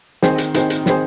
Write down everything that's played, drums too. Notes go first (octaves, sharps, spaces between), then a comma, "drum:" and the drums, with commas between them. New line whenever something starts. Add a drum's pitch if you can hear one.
D#3 C4 G#4 C5, drum: snare
drum: hi-hat
D#3 C4 G#4 C5, drum: hi-hat
drum: hi-hat
D#3 C4 G#4 C5, drum: snare